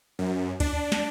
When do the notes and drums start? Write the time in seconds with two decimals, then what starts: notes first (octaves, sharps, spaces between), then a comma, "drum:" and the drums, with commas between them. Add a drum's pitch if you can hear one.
0.19 F#2
0.60 D4, drum: kick, cymbal
0.92 drum: snare